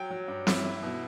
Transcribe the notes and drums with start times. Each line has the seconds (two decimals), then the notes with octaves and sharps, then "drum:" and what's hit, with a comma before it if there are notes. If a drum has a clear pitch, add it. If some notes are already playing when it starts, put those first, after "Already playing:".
Already playing: F#3 G5
0.11 F#3
0.28 G2
0.47 E4, drum: snare
0.64 E4
0.83 B2